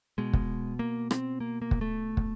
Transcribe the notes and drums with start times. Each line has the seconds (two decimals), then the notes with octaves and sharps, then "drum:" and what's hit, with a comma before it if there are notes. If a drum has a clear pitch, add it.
0.18 B2 G#3
0.33 drum: kick
0.79 A#3
1.11 C4, drum: rim click
1.40 A#3
1.62 A#3
1.71 drum: kick
1.81 A3
2.17 drum: kick